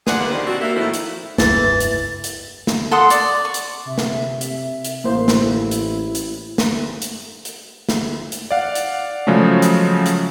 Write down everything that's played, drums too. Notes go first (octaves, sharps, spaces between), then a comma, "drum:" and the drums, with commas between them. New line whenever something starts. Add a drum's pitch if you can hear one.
F4 G#4 B4 C5 D5 F#5, drum: snare
D#3 G3 A#3 D4
B2 D#3 D4 G4 C5
A#3 C4 D4 F#4
A#3 E5
A2 D#3 F3 A3 E4 F#4
drum: hi-hat
F1 C#2 G2 E3 A6, drum: snare
drum: hi-hat
drum: hi-hat
drum: snare
A4 F#5 C6 D#6
D5, drum: hi-hat
C#6
drum: hi-hat
C3 E5
drum: snare
drum: hi-hat
drum: hi-hat
A1 A#3 E4 C5
drum: snare
drum: hi-hat
drum: hi-hat
drum: snare
drum: hi-hat
drum: hi-hat
drum: snare
drum: hi-hat
D5 F5 F#5
drum: hi-hat
C#3 F3 F#3 G#3 A3
drum: hi-hat
drum: hi-hat